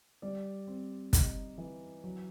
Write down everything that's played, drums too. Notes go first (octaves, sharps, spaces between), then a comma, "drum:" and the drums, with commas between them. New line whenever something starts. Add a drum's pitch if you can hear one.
G3 D5
C4
D#4, drum: kick, hi-hat
E3
F#3